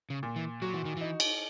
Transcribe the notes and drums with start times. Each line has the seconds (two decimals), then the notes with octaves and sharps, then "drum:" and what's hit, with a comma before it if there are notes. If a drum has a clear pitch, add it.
0.10 C#3
0.23 A#2
0.36 E3
0.62 F#3 F#4
0.74 E3
0.85 D#3
0.97 E3 D#4
1.20 drum: cymbal